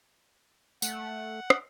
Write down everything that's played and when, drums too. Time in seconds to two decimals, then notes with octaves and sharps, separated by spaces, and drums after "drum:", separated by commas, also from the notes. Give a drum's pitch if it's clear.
0.82 A3 F#5, drum: tambourine
1.50 drum: rim click